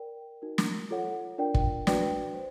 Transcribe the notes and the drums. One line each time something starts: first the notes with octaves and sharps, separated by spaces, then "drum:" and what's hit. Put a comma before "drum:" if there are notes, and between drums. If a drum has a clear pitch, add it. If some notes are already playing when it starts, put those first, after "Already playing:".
Already playing: A#4 D5 G5
D#4 F#4 A#4
drum: snare
F4 A4 C#5 F#5
D4 F4 A#4 D5 G5
drum: kick
D4 F#4 B4 D5 G5, drum: snare
C5